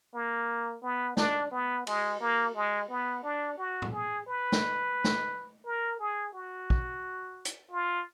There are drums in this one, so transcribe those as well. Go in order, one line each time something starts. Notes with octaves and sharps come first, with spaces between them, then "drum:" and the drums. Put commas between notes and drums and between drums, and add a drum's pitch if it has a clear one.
A#3
B3
D4, drum: snare
B3
G#3, drum: cymbal
A#3
G#3
B3
D4
F#4
drum: tom A2
G#4
B4
drum: snare
drum: snare
A#4
G#4
F#4
drum: kick
drum: hi-hat
F4